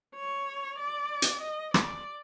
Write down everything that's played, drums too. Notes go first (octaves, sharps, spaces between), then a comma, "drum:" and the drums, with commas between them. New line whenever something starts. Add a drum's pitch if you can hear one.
C#5
D5
drum: hi-hat
D#5
D5, drum: rim click